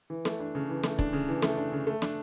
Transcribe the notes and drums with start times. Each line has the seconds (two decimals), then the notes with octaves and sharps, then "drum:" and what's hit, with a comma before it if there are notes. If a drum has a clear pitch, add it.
0.10 E3
0.25 A3, drum: snare
0.40 D4
0.55 C#3
0.69 E3
0.83 A3, drum: snare
0.99 D4, drum: kick
1.13 C#3
1.29 E3
1.42 A3, drum: snare
1.57 D4
1.72 C#3
1.87 A3
2.02 D4, drum: snare